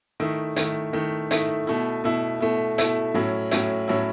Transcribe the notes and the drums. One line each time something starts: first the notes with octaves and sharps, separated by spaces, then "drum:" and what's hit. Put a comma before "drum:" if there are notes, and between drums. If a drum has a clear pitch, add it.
D#3 A3 E4
D#3 A3 E4, drum: hi-hat
D#3 A3 E4
D#3 A3 E4, drum: hi-hat
B2 A3 E4
B2 A3 E4
B2 A3 E4
B2 A3 E4, drum: hi-hat
A2 F#3 C#4 E4
A2 F#3 C#4 E4, drum: hi-hat
A2 F#3 C#4 E4